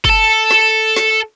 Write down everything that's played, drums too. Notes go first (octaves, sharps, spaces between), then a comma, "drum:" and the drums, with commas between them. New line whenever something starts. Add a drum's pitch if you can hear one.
A4 A5, drum: kick F#1
drum: snare
drum: snare